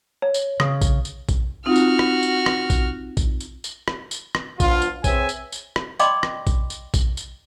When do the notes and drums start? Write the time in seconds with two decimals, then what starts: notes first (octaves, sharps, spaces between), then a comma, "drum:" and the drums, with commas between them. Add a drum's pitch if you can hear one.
0.22 C#5
0.34 drum: tambourine
0.60 C#3 D#6, drum: rim click
0.81 drum: kick A#1, tambourine
1.05 drum: tambourine
1.29 drum: kick A#1, tambourine
1.66 C4 D#4 F4 F#4 F6
1.76 drum: tambourine
1.99 drum: rim click
2.23 drum: tambourine
2.46 drum: rim click
2.70 drum: kick A#1, tambourine
3.17 drum: kick A#1, tambourine
3.40 drum: tambourine
3.64 drum: tambourine
3.88 drum: rim click
4.11 drum: tambourine
4.35 drum: rim click
4.60 F3 B3 D4 F4, drum: kick A#1, tambourine
4.82 drum: tambourine
5.04 C4 G#4 B4 C#5 E5 G#5, drum: kick A#1, tambourine
5.29 drum: tambourine
5.52 drum: tambourine
5.76 drum: rim click
6.00 D5 D#5 G5 B5 C6 D6, drum: tambourine
6.23 drum: rim click
6.47 drum: kick A#1, tambourine
6.70 drum: tambourine
6.94 drum: kick A#1, tambourine
7.17 drum: tambourine